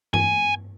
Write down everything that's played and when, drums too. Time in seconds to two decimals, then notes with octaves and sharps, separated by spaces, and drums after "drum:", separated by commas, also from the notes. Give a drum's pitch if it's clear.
0.14 G#5, drum: tom G2